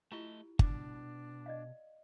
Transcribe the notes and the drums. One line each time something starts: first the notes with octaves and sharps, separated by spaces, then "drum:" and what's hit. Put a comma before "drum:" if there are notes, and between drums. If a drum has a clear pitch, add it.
A3 E4 F4 G4 D#5
B2 D4, drum: kick G1
D5 D#5 F5